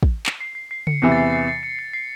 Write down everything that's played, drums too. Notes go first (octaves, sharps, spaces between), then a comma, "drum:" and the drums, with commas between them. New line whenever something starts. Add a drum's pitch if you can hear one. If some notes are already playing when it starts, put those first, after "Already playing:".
drum: kick
drum: clap
C7
C7
C7
C#7, drum: tom C#3
E2 C3 E3 C#7
A6
C7
C7
C7
C#7
C7
C7